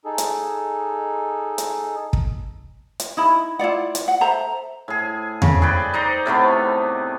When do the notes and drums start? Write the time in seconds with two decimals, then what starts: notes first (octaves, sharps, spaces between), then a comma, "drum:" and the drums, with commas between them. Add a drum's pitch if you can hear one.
0.05 D#4 G#4 A4
0.18 drum: hi-hat
1.58 drum: hi-hat
2.13 drum: kick
3.00 drum: hi-hat
3.17 D#4 E4 B5
3.59 E4 F4 D5 F#5
3.95 drum: hi-hat
4.08 F#5
4.21 A4 C5 E5 A#5
4.88 A2 G#4
5.42 C#3, drum: tom E2
5.62 G#4 B4 D5 G5
5.94 D#4 C5 D5 A#5
6.26 A2 C3 A3 B3